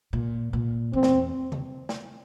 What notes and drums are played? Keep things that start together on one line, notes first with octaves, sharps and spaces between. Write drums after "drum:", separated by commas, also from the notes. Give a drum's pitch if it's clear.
A#2
A#2
E2 C4
drum: snare
drum: tom C3
drum: snare